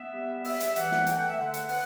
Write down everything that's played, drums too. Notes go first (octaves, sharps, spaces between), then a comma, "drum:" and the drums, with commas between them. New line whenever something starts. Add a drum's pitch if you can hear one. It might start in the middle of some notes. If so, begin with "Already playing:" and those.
Already playing: B3 E5
G3
G3 E5, drum: open hi-hat
drum: hi-hat
E3 F#5, drum: hi-hat
drum: snare
A3 G5, drum: hi-hat
F#5
E5
D3 F#5
drum: hi-hat
B3 F#5, drum: open hi-hat